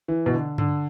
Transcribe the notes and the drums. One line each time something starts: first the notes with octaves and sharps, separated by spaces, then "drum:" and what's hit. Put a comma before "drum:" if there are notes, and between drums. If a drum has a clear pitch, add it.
E3
B2
D3
D3, drum: tom G2